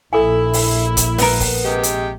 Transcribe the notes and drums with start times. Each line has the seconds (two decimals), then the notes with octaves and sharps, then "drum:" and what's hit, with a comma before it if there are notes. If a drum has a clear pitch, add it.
0.13 A#1 E4 A4 G#5
0.53 drum: open hi-hat
0.97 drum: kick, hi-hat
1.18 B3 A#4, drum: open hi-hat
1.40 drum: kick, open hi-hat
1.64 C3 G#3 G4
1.83 drum: hi-hat